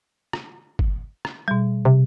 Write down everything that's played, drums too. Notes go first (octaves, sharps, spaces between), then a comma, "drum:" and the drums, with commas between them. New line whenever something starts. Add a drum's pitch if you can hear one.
drum: rim click
drum: kick G1
drum: rim click
B2 G3
C3